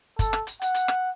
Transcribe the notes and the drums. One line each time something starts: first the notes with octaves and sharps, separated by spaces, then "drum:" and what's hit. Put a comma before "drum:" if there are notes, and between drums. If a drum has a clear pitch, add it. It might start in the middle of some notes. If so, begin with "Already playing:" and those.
A4, drum: kick, hi-hat
drum: rim click
drum: hi-hat
F#5, drum: hi-hat
drum: hi-hat
drum: rim click